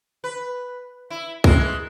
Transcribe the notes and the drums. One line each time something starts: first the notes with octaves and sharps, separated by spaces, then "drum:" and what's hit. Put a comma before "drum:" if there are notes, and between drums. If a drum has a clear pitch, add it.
B4
E4
E3 G#3 A#4, drum: kick